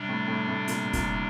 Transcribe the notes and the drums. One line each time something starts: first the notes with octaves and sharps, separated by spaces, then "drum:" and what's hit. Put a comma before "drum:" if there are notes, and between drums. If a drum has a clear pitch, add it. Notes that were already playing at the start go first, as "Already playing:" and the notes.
Already playing: C3 G3 D4
A2
A2
A2
A#2, drum: hi-hat
A#2, drum: kick, hi-hat